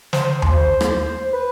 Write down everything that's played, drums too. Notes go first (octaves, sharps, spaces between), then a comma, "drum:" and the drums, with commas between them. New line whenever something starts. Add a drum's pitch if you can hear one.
C5, drum: snare
C5, drum: tom D#2
drum: rim click
B4